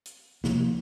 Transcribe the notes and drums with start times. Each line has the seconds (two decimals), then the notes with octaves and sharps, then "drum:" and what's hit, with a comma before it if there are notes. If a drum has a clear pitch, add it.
0.06 drum: hi-hat
0.44 C3 F3 A#3, drum: snare